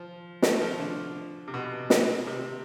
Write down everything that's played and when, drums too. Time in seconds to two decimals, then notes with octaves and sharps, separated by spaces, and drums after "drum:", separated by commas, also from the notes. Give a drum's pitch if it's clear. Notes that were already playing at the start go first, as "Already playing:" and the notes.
Already playing: F3
0.42 A3, drum: snare
0.61 F3
0.79 D3
1.48 C3
1.54 B2
1.90 drum: snare
2.27 C3